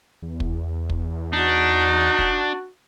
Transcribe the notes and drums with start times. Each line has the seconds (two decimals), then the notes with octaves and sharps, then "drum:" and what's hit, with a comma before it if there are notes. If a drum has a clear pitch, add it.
0.22 E2
0.40 drum: kick
0.90 drum: kick
1.33 D4 D#4 F#4
2.19 drum: kick